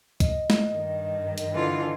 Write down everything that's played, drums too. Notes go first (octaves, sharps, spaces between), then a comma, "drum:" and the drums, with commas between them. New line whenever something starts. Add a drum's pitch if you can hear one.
D#5, drum: kick, hi-hat
drum: snare
G2 D#3
drum: hi-hat
D3 E3 F4